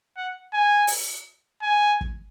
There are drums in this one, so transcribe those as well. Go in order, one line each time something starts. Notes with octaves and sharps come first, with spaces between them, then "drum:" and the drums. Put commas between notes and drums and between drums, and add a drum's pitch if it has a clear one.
F#5
G#5
drum: open hi-hat
G#5
drum: kick